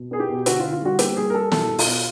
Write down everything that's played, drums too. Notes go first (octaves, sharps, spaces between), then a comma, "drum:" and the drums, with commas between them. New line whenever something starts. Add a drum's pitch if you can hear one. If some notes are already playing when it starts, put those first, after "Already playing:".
Already playing: B2
B3 G#4
G4
B2
D3 F#4, drum: hi-hat
F4
D3
F4
G3 F#4
A#3 G4, drum: hi-hat
G3 G#4
A#4
G3 A4
B2 A4, drum: snare
B2
F4, drum: open hi-hat
B2